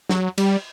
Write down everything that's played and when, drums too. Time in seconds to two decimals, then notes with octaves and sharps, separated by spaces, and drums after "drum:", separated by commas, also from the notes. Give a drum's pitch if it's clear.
0.09 F#3, drum: snare
0.38 G3, drum: cymbal